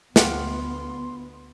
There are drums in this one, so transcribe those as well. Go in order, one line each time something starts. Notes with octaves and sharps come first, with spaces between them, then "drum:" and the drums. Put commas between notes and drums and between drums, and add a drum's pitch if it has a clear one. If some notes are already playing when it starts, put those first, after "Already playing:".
D2 B3 F4 G4 F5 F#5 C6, drum: snare